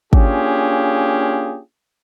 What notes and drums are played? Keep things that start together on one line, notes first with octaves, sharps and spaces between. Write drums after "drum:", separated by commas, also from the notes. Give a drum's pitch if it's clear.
A#3 C#4 D4 F4 G4 G#4, drum: kick G#1